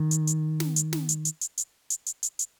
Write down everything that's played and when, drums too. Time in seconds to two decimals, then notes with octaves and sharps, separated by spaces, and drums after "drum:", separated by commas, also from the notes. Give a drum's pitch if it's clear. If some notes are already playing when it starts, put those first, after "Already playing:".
Already playing: D#3
0.11 drum: hi-hat
0.27 drum: hi-hat
0.60 drum: snare
0.76 drum: hi-hat
0.93 drum: snare
1.09 drum: hi-hat
1.25 drum: hi-hat
1.41 drum: hi-hat
1.58 drum: hi-hat
1.90 drum: hi-hat
2.07 drum: hi-hat
2.23 drum: hi-hat
2.39 drum: hi-hat